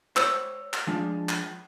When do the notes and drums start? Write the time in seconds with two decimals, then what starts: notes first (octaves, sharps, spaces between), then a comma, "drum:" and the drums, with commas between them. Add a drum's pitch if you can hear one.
0.16 C5 C#5 E6, drum: clap
0.73 drum: clap
0.87 F3 G#3 D4
1.29 drum: clap